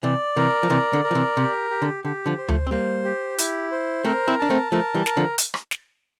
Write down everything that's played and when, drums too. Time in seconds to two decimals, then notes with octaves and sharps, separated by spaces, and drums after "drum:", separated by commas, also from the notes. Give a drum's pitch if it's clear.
0.03 C3 E3 D5
0.36 C3 E3 A#4
0.63 F3
0.70 C3 E3 D5
0.93 D3
1.04 A#4
1.11 F3
1.15 C3 E3
1.37 C3 G4
1.70 G4
1.82 D3
2.04 D3 G4
2.26 D3 F3
2.38 C5
2.48 F3 A3, drum: tom D2
2.67 C4
2.71 G3 A#3 C5
3.05 G4
3.38 E4, drum: hi-hat
3.72 C5
4.05 A3 C4 A#4
4.28 C4 E4
4.39 D4 A5
4.50 A3 C4
4.72 F3 A3 A#4
4.94 E3 G3
5.06 A#4, drum: snare
5.17 D3 F3
5.38 drum: hi-hat
5.54 drum: rim click
5.71 drum: snare